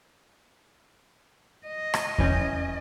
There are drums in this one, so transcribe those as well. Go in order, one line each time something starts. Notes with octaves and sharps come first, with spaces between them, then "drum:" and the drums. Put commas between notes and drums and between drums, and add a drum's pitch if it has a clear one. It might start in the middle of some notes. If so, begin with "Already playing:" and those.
D#5
drum: rim click
E3 C#4 G5, drum: kick E2